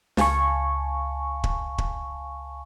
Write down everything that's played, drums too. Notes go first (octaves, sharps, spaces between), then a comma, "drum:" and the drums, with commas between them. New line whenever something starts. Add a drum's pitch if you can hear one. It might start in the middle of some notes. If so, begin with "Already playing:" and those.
C#2 F5 G#5 A5 C#6, drum: snare
drum: kick
drum: kick